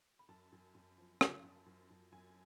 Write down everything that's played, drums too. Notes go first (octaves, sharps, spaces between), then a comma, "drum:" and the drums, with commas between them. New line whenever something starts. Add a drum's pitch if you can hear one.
B5
F#2 A5
F#2
F#2
F3
F3, drum: rim click
F#2
F#2
F#2
F#2 G#5